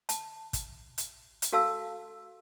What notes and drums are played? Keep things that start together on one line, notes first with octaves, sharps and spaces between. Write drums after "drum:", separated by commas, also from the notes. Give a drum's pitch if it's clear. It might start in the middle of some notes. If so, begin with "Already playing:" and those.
A5, drum: hi-hat
drum: kick, hi-hat
drum: hi-hat
drum: hi-hat
F#4 A4 F5 A5 E6